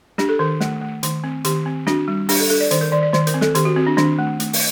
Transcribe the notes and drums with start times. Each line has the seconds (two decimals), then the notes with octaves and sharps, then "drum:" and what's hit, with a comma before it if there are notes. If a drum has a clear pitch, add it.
0.18 D4 G4, drum: snare
0.29 A4
0.39 D#3 A#4
0.61 A3, drum: snare
0.82 A3
1.03 D#3, drum: hi-hat
1.24 C4
1.44 D#3 G4, drum: hi-hat
1.66 C4
1.87 D4 F#4, drum: snare
2.08 G3
2.29 D4 G4, drum: open hi-hat
2.40 A4
2.50 D4 A4
2.60 D5
2.71 D#3 C5, drum: hi-hat
2.81 A#4
2.92 D#3 D5
3.03 D5
3.13 D#3 C5, drum: snare
3.27 A#4, drum: hi-hat
3.34 C4
3.41 A4, drum: snare
3.55 D#3 G4, drum: hi-hat
3.65 F#4
3.76 C4 F#4
3.87 D4
3.97 D#3 D4, drum: snare
4.19 A3
4.40 A3, drum: hi-hat
4.53 drum: open hi-hat